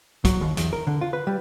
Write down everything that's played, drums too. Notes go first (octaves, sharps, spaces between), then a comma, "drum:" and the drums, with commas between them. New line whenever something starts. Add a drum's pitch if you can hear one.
F#3, drum: kick, hi-hat
D#2
E2, drum: hi-hat
A#4
D3
F4
B4
G3